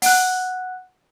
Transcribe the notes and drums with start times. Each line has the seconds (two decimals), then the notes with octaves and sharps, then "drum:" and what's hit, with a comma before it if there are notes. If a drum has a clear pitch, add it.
0.02 F#5 F#6, drum: open hi-hat